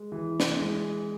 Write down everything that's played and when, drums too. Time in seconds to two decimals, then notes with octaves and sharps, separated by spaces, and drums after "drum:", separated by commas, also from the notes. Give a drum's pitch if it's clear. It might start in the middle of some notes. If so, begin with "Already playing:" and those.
Already playing: G#3
0.12 E3
0.40 drum: snare
0.59 G#3